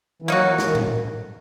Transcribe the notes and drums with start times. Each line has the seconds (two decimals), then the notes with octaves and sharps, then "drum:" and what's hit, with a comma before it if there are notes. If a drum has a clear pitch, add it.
0.22 E3
0.28 F#3 A#3 D#4 F#4
0.46 E3
0.58 E3, drum: snare
0.63 D#3
0.75 drum: tom A2